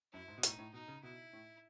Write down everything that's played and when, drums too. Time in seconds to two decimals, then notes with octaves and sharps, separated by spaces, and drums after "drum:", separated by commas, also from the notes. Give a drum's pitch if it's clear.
0.13 F#2 E4
0.28 G#2
0.38 B2
0.43 A2 D#4, drum: hi-hat
0.58 A2
0.73 B2 D#4
0.88 C#3
1.03 B2 E4
1.33 A2